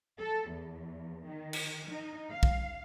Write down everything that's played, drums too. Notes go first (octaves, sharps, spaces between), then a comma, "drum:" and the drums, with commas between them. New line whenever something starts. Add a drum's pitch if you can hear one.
A4
E2
D#3
drum: cymbal
D#4
F5
drum: kick